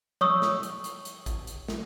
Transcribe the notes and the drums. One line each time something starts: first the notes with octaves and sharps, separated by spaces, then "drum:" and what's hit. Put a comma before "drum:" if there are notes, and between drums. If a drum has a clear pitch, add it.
C#5 C#6 D#6 E6, drum: tom F3
drum: snare
drum: hi-hat
drum: hi-hat
drum: hi-hat
drum: kick A1, hi-hat
drum: hi-hat
drum: snare